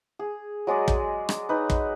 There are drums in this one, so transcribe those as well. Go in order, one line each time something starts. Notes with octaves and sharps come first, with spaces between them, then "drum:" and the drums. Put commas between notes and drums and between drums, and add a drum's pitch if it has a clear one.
G#4
F#3 G#3 D5 D#5
drum: kick
drum: rim click
D#4 B4
drum: kick